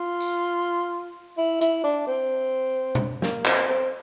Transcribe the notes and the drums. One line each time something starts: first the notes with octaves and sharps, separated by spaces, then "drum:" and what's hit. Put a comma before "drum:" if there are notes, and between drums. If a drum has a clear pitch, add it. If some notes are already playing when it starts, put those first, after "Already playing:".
Already playing: F4
drum: tambourine
E4
E4, drum: hi-hat
D4
C4
drum: tom B2
A#3, drum: snare
C4, drum: clap
C4